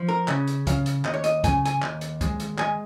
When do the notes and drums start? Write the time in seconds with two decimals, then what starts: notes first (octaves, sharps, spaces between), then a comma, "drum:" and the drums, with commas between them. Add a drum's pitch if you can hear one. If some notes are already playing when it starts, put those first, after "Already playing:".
Already playing: F3
0.09 A#4
0.28 C#3, drum: clap
0.48 drum: hi-hat
0.67 C#3 F5, drum: kick, hi-hat
0.86 drum: hi-hat
1.05 D#2 D#5, drum: clap
1.14 C#5
1.24 D#5, drum: hi-hat
1.44 C#3 G#5, drum: kick, hi-hat
1.65 G#5, drum: hi-hat
1.82 D#2, drum: clap
2.01 drum: hi-hat
2.21 G#3, drum: kick, hi-hat
2.40 drum: hi-hat
2.58 G#3 G#5, drum: clap